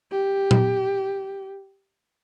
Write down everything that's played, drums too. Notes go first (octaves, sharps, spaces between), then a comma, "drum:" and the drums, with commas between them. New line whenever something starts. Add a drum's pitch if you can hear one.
G4
drum: tom A#2